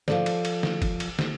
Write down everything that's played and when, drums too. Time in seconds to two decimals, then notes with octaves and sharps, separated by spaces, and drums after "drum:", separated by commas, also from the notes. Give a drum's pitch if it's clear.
0.08 F3 A4 D5, drum: snare
0.26 drum: cymbal
0.45 drum: cymbal
0.63 drum: snare
0.82 drum: kick, cymbal
1.00 drum: cymbal
1.19 drum: snare